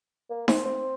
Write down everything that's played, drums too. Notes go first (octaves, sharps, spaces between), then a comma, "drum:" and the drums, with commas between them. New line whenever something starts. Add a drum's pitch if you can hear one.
A#3
C4, drum: snare D#4
C4